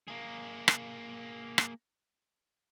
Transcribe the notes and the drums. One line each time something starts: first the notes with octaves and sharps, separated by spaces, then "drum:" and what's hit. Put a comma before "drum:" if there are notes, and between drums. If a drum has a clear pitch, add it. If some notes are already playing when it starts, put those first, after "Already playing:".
A#3 G#4
drum: rim click
drum: rim click